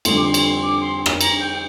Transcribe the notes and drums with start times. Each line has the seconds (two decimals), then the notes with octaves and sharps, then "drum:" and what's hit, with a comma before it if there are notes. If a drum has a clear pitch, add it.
0.05 F2 D3 G3 C6, drum: cymbal
0.17 D6
0.24 C6
0.34 drum: cymbal
0.44 C6
0.62 D6
0.81 C6
1.06 drum: rim click
1.21 A#5, drum: cymbal
1.40 G5
1.52 G5